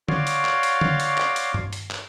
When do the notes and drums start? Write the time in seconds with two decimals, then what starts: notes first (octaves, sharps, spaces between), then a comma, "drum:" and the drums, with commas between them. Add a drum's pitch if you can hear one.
0.08 F#4 C#5 D5 F5 C6 D6, drum: tom D3
0.27 drum: hi-hat
0.45 drum: clap
0.63 drum: hi-hat
0.81 drum: tom D3
1.00 drum: hi-hat
1.18 drum: clap
1.36 drum: hi-hat
1.54 drum: tom G2
1.73 drum: hi-hat
1.91 drum: clap